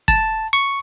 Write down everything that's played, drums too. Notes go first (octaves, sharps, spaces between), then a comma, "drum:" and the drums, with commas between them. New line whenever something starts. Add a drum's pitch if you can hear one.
A5, drum: kick
C#6